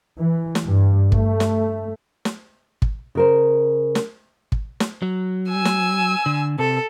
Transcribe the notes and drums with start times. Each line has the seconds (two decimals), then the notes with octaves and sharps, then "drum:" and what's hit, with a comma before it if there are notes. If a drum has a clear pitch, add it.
0.17 E3
0.55 drum: snare
0.66 G2
1.12 A3, drum: kick
1.40 drum: snare
2.25 drum: snare
2.82 drum: kick
3.15 C#3 A#4 C5
3.95 drum: snare
4.52 drum: kick
4.80 drum: snare
5.02 F#3
5.48 G#5 E6
5.65 drum: snare
6.26 D3
6.58 C3 A4